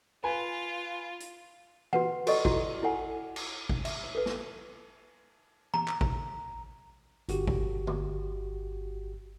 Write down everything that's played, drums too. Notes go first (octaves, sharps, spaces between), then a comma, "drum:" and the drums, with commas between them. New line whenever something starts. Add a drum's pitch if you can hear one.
F4 B4 G#5
drum: hi-hat
F#4 B4 F#5, drum: tom E3
F#4 A4 D5 D#5 C#6, drum: cymbal
E4 F#4, drum: kick G#1
E4 A4 F#5 G#5
drum: cymbal
drum: kick G#1
E5, drum: cymbal
drum: rim click
A4 B4
drum: snare
A#5, drum: tom E3
drum: clap
drum: kick G#1
G1 F#4 G4, drum: hi-hat
drum: kick G#1
drum: tom D3